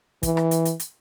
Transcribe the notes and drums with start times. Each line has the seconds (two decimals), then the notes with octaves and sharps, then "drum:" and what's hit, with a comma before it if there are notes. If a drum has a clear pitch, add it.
0.23 E3, drum: kick, hi-hat
0.37 drum: rim click
0.51 drum: hi-hat
0.65 drum: hi-hat
0.80 drum: hi-hat